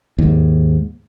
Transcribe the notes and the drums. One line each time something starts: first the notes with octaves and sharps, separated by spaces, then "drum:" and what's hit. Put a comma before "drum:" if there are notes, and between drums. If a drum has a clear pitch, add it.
D#2 G#2, drum: tom E2